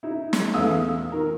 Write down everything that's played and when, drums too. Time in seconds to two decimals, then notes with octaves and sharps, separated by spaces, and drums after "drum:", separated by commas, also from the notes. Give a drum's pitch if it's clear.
0.03 D#4 E4
0.33 drum: snare
0.54 E2 A3 E4 F5 D#6 E6
1.12 D#3 A#4